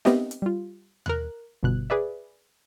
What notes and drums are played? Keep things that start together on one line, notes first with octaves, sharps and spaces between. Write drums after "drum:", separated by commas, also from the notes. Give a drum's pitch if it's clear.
B3 C4 G4 D#5 E5, drum: snare
drum: hi-hat
G3 F4
A#4 F#6, drum: tom D#2
G1 B2 F#6
G#4 B4 D5 E5